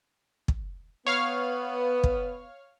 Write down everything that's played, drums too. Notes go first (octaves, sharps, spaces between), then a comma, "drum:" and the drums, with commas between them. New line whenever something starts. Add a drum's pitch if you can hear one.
drum: kick
B3 C#5 F5 F6
drum: kick